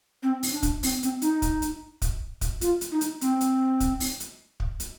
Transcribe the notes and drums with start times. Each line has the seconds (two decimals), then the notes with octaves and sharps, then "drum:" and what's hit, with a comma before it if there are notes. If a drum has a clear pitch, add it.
0.23 C4
0.43 drum: open hi-hat
0.53 D4
0.63 drum: kick, hi-hat
0.83 C4, drum: open hi-hat
1.03 C4, drum: hi-hat
1.22 D#4, drum: hi-hat
1.42 drum: kick, hi-hat
1.62 drum: hi-hat
2.02 drum: kick, hi-hat
2.41 drum: kick, hi-hat
2.61 F4, drum: hi-hat
2.81 drum: hi-hat
2.92 D#4
3.01 drum: hi-hat
3.21 C4, drum: hi-hat
3.41 drum: hi-hat
3.80 drum: kick, hi-hat
4.00 drum: open hi-hat
4.20 drum: hi-hat
4.60 drum: kick
4.80 drum: hi-hat